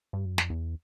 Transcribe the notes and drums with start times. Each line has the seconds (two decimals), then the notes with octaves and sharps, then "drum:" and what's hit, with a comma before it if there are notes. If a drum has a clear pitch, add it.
0.13 G2
0.25 F#2
0.38 F2, drum: snare
0.50 E2